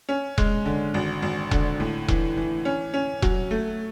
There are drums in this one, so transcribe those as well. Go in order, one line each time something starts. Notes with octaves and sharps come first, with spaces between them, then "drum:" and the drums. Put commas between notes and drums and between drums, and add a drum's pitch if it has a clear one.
C#4
G#3, drum: kick E1
D3
G#1
G#1
D3, drum: kick E1
A2
E3, drum: kick E1
E3
C#4
C#4
F#3, drum: kick E1
A3